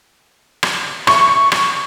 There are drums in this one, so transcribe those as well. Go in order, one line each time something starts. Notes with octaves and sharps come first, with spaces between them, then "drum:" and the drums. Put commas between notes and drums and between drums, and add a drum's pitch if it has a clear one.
drum: rim click
C#6, drum: rim click
drum: rim click